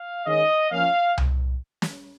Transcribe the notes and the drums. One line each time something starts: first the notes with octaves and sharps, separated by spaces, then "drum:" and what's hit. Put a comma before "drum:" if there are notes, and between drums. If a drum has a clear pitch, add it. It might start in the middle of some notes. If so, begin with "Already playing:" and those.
Already playing: F5
D#3 G#3 C#4 D#5
F3 A#3 C#4 F5
drum: tom C2
drum: snare